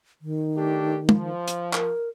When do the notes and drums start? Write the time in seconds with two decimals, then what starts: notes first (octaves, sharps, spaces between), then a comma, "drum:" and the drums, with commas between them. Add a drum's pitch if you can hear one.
0.21 D#3
0.56 A3 D4 G4
1.09 F3, drum: tom
1.48 drum: hi-hat
1.73 A#4, drum: clap